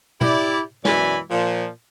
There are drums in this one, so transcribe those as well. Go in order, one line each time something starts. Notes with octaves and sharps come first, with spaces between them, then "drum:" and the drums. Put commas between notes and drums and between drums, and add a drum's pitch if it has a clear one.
E4 G4 D5, drum: tom
F#2 B2 E3 D5 G#5 B5, drum: snare
A#2 F3